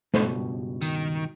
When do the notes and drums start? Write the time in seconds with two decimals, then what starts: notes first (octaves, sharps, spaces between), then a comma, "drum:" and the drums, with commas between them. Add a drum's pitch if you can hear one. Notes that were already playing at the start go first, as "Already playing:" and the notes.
0.14 C#2 G2 B2, drum: snare
0.82 D#3, drum: tambourine